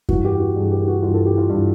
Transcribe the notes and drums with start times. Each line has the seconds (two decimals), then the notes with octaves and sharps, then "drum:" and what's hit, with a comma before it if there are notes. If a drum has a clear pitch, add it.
0.09 G2 E3 F#4, drum: kick F2
0.25 G4
0.40 F#4
0.56 G2 E3 G#4
0.71 G4
0.82 G4
0.88 F#4
1.03 G2 E3 F4
1.14 A4
1.26 G4
1.38 F4
1.49 G2 E3